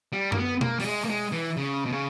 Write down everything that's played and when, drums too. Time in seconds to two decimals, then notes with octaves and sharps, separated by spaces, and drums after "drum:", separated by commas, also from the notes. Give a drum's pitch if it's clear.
0.13 G3
0.32 A#3, drum: tom F#2
0.37 B3
0.61 A#3, drum: tom B2
0.80 G3, drum: open hi-hat
0.85 G#3
1.05 A#3
1.09 G#3
1.32 E3
1.57 C#3
1.86 B2
1.92 C#3